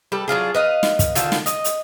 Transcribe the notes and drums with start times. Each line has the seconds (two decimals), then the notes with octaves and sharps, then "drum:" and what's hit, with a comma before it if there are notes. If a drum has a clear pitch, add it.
0.12 G3 A4 B4
0.28 F#3 D4 F4 G#4
0.55 B4 D#5 F5
0.83 drum: snare
0.99 drum: kick, hi-hat
1.15 D3 D#3 F4 A4, drum: hi-hat
1.32 drum: snare
1.46 D#5, drum: hi-hat
1.64 drum: hi-hat